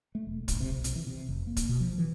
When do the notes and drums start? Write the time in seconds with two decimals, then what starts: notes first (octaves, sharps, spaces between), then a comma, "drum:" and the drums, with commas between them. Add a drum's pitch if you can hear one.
0.15 A3
0.27 E1
0.48 A#1, drum: kick, hi-hat
0.60 C3
0.74 B1
0.84 drum: hi-hat
0.95 E3
1.07 C3
1.29 F1
1.47 A#3
1.57 drum: kick, hi-hat
1.69 B2
1.80 F3
1.98 E3